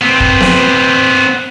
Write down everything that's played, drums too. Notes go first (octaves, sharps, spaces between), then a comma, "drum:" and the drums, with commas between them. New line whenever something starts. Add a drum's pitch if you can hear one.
B3 C4
drum: kick
drum: snare B3